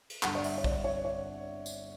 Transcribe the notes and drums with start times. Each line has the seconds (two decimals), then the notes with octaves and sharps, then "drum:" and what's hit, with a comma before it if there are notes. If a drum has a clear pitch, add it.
0.10 drum: cymbal
0.23 G1 G2 D3 G3 F#5, drum: clap
0.35 D5
0.44 E5, drum: open hi-hat
0.58 C#5
0.64 D5, drum: kick
0.84 C#5
1.05 C#5
1.66 drum: tambourine